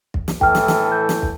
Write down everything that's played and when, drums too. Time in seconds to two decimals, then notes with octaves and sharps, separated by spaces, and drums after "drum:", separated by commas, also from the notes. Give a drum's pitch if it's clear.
0.14 drum: kick
0.28 drum: snare
0.41 A2 E3 A4 G5 F6, drum: kick
0.55 drum: snare
0.68 drum: snare
0.92 G6
1.09 drum: snare
1.22 drum: kick